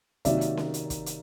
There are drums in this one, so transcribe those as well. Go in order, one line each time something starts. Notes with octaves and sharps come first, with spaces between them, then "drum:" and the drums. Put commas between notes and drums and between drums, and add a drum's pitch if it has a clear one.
C3 D#3 F#3 A#3 D#4 D5 E5, drum: kick, hi-hat
drum: hi-hat
drum: snare C#4
drum: hi-hat
drum: kick, hi-hat
drum: hi-hat